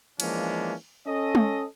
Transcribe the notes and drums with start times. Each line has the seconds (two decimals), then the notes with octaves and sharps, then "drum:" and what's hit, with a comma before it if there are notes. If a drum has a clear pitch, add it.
0.20 E3 F3 G#3 A#3 C#4 D4, drum: cymbal
1.07 C#4 A4 D#5
1.35 drum: tom G#3